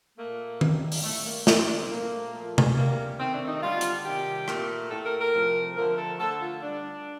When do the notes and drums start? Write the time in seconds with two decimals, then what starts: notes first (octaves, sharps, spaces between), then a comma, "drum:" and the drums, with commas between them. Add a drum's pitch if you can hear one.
0.18 A#2 A3 A#3
0.61 A2 G3, drum: tom D#3
0.92 drum: open hi-hat
1.04 A2 G3 A3
1.26 A#3
1.47 C3 G3 A#3, drum: snare
1.58 C4
1.69 D4
1.80 C4
1.90 A#2 A3 A#3
2.33 A#2 F3 A3
2.58 drum: tom C3
2.76 C3 G3 A#3
3.19 C3 D#3 A3 C4
3.33 D4
3.48 D#4
3.62 D3 G3 F4
3.81 drum: hi-hat
4.05 C3 D#3 G3 G4
4.48 A#2 A3, drum: rim click
4.91 A2 A3 A4
5.05 A#4
5.20 A#4
5.34 C3 F3 A3
5.76 D3 F3 A3 A#4
5.98 A4
6.20 D3 A3 A4
6.41 F4
6.62 D3 G3 D4